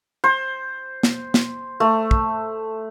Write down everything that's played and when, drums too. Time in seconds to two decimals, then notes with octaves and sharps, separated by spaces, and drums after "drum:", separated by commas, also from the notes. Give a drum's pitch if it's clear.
0.24 C5
1.03 drum: snare
1.34 drum: snare
1.80 A3
2.11 drum: kick